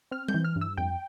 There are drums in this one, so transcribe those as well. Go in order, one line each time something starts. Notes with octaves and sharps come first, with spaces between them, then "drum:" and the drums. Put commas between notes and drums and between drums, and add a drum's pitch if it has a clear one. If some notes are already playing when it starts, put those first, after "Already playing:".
C4 F6
G6, drum: tom G3
E3
F6
G2
E6
F2 G5